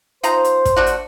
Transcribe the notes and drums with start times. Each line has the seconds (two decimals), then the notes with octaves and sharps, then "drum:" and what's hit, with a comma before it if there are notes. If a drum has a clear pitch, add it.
0.23 F3 D#4 C5 A#5, drum: hi-hat
0.44 drum: hi-hat
0.65 drum: kick, hi-hat
0.76 A3 D4 F#4
0.86 drum: hi-hat